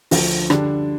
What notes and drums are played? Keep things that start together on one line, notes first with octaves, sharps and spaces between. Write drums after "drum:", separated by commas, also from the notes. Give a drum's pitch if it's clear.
D2 D3 F3, drum: open hi-hat
D3 G3 D4, drum: rim click